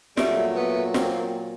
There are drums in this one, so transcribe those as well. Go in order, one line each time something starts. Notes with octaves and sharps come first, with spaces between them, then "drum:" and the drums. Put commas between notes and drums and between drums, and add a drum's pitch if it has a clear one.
A#2 F#3 G3 A3, drum: snare
A3 B3
A#3 C4, drum: snare